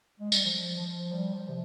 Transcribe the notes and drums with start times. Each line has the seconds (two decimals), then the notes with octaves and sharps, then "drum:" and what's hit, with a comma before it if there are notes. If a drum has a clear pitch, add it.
0.20 G#3
0.32 G3, drum: tambourine
0.44 F3
0.79 F3
1.12 G3
1.34 F3
1.48 C3